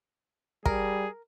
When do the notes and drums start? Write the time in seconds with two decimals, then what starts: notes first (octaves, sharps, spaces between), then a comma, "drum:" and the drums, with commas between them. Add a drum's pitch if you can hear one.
0.66 G3 G#4 A#4, drum: kick